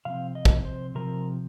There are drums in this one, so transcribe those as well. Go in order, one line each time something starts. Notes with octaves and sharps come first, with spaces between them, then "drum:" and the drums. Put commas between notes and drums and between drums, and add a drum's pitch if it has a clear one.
C3 F3 C4 F5
D#5
drum: kick
C5
C3 F3 C4 A#4